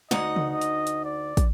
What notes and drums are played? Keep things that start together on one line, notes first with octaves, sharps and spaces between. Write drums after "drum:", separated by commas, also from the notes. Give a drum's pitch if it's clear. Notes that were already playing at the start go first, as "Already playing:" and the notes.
D2 D#4 D#5 F#5, drum: snare
drum: tom C#3
D#5
drum: hi-hat
drum: hi-hat
D5
drum: kick, hi-hat